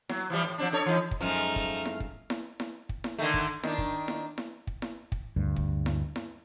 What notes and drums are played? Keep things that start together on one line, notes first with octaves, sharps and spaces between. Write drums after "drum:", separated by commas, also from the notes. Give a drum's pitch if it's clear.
F#3, drum: snare E4
E3 F3 G3
A2
F3 C4 D4
D4 A4 C#5
E3 D#4
drum: kick
F#2 F3 G#3 A3 D#4 A#5 F6
drum: kick
drum: snare E4
drum: kick
drum: snare E4
drum: snare E4
drum: kick
drum: snare E4
D3 D#3 A3
drum: kick
D#3 D4, drum: snare E4
drum: kick
drum: snare E4
drum: snare E4
drum: kick
drum: snare E4
drum: kick
D2 G2
drum: kick
drum: snare E4
drum: snare E4